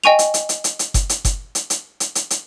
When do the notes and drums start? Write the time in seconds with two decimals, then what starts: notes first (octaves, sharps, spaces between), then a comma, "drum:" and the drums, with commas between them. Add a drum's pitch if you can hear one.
0.04 D#5 G5 G#5 C#6 D#7 F7
0.19 drum: hi-hat
0.34 drum: hi-hat
0.49 drum: hi-hat
0.64 drum: hi-hat
0.79 drum: hi-hat
0.94 drum: kick F#1, hi-hat
1.09 drum: hi-hat
1.25 drum: kick F#1, hi-hat
1.55 drum: hi-hat
1.70 drum: hi-hat
2.00 drum: hi-hat
2.15 drum: hi-hat
2.30 drum: hi-hat